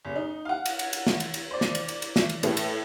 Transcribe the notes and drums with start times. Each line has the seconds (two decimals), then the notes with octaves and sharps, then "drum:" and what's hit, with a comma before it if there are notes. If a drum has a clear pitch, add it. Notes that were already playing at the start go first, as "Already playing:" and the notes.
0.05 F#1
0.16 D#4
0.45 F5 F#5
0.66 drum: cymbal
0.79 drum: cymbal
0.93 drum: cymbal
1.07 drum: snare
1.20 drum: cymbal
1.34 drum: cymbal
1.51 C5 D5
1.61 drum: snare
1.75 drum: cymbal
1.89 drum: cymbal
2.02 drum: cymbal
2.16 drum: snare
2.29 drum: cymbal
2.43 A2 E3 A3, drum: cymbal
2.57 drum: cymbal